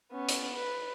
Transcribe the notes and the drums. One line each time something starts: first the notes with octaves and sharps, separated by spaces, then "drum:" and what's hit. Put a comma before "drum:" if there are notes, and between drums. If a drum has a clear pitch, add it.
B3 C#4
drum: hi-hat
B4